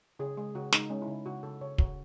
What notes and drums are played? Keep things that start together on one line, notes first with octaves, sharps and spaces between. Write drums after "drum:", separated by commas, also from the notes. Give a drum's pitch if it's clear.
C#3 G#4
G#3 G#4
C#3 F#4
G#3 D#4, drum: snare
G#3 C#4
E4
C#3 D#4
C#3 F#4
C#3 A4
C#3 C#5
C#3 F#4, drum: kick